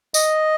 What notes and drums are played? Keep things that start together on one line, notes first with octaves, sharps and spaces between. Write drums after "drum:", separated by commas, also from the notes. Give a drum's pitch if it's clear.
D#5, drum: tambourine